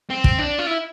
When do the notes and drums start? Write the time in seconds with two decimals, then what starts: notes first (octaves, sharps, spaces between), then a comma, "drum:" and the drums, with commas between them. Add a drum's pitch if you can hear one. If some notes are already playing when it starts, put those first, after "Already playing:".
0.10 C4
0.24 drum: kick
0.38 D4
0.59 F4
0.67 E4